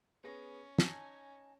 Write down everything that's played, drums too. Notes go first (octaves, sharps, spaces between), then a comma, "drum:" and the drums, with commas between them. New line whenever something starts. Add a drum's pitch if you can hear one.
B3 C#4 G#4 A#6
D#4 G#5 A5 A#6, drum: snare